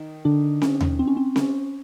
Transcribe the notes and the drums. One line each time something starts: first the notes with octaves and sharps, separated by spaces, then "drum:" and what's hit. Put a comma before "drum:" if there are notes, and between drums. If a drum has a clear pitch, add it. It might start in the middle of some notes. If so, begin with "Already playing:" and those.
Already playing: D#3
D3 D4
C#4, drum: snare C4
drum: tom D#2
C4
C#4
C4
C#4, drum: snare C4